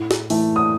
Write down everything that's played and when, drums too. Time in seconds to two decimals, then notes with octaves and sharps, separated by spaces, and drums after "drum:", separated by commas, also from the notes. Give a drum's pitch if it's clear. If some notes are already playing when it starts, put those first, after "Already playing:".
Already playing: A2
0.11 drum: snare
0.30 E3 A3, drum: open hi-hat
0.56 D#6